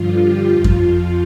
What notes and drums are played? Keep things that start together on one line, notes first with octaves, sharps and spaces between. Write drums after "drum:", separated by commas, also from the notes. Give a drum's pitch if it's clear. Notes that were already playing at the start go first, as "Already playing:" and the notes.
Already playing: G2 D3 F3 F4
G4
F2 F3 F4
drum: kick F#2